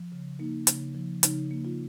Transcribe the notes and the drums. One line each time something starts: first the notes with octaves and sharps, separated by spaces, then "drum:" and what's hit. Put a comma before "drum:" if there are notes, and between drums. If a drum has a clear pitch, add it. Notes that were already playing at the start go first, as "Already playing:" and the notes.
Already playing: F3
C#3
A#3 D#4
C#3, drum: hi-hat
F3
C#3 D#4, drum: hi-hat
A#3
F4